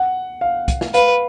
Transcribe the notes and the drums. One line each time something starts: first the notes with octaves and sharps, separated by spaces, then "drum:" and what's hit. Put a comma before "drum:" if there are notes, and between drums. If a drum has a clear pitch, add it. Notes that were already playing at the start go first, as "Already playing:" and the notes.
Already playing: F#5
F5
drum: kick, hi-hat
drum: snare
B4 F5, drum: hi-hat